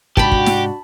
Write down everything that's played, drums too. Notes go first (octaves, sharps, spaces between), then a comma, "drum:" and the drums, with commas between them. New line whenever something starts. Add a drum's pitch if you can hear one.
G#2 C3 G#3 D4 F#4 G4 A5 B5, drum: kick
drum: kick
drum: snare